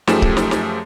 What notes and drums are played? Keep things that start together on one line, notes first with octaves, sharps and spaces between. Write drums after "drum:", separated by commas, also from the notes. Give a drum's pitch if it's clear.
F#2 F3 A3 G4 G#4 E7, drum: snare
drum: kick C#1
drum: snare
drum: snare